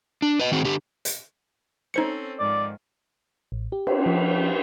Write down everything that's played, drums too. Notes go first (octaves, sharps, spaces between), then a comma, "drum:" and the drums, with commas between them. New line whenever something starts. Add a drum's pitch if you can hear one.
D4
B4 D#5
D#3 C4 F#4 G#4
D3 G4
drum: hi-hat
C4 C#4 D#4 A4 C5 C#7
G#2 D#3 F3 D5
A1
G4
drum: cymbal
F3